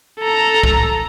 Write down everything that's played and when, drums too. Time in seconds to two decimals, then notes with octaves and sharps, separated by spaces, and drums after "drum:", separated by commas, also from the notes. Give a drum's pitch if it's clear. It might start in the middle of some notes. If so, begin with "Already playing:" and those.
0.20 A4 A#5
0.63 drum: kick